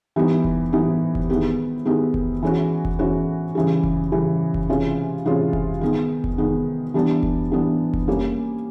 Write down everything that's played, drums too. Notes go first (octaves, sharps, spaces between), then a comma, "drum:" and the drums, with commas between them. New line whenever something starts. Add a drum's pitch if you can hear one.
E3 G3 B3 D#4 G4
drum: kick F1
E3 G3 B3 D#4 G4
drum: kick F1
D#3 G#3 B3 E4 G4
D#3 G#3 B3 E4 G4
drum: kick F1
E3 G#3 C#4 F#4
drum: kick F1
E3 G#3 C#4 F#4
C#3 E3 G3
drum: kick F1
C#3 E3 G3
drum: kick F1
C3 E3 G#3 C#4 F4
C3 E3 G#3 C#4 F4
drum: kick F1
D#3 G#3 B3
drum: kick F1
D#3 G#3 B3
E3 G3 B3 D4
drum: kick F1
E3 G3 B3 D4
drum: kick F1
G3 A#3 C#4